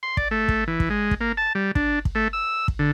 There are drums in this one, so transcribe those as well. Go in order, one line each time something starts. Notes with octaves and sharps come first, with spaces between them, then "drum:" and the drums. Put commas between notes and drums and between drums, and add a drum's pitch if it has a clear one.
C6
D5, drum: kick
A3
drum: kick
E3
drum: kick
G#3
drum: kick
A#3
A5
G3
D4, drum: kick
drum: kick
A3
E6
drum: kick
D3